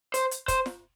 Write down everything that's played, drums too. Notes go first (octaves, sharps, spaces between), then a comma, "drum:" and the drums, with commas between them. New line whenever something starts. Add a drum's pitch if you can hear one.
C5, drum: hi-hat
drum: hi-hat
C5, drum: kick, hi-hat
drum: snare